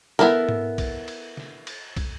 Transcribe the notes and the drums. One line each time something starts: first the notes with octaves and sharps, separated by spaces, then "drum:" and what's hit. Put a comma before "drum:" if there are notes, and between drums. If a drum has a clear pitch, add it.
B3 E4 A4 A#4, drum: snare
drum: tom G#2
drum: kick, cymbal
drum: cymbal
drum: snare
drum: cymbal
drum: kick, cymbal